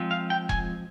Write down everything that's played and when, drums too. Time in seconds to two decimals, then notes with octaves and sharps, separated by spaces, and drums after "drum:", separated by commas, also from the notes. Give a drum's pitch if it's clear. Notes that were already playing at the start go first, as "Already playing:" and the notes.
Already playing: F3 G#3 C4
0.11 F5
0.30 G5
0.49 G#5, drum: kick E1